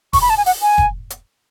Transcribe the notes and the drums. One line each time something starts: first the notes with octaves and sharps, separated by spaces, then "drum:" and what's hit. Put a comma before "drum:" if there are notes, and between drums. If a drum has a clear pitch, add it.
C#6, drum: kick F1, open hi-hat
B5
A5
G#5
F#5, drum: open hi-hat
G#5
drum: kick F1
drum: hi-hat